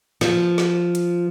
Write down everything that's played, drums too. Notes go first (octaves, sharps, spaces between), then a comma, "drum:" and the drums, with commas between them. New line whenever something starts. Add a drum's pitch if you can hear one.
F3, drum: snare
drum: snare
drum: hi-hat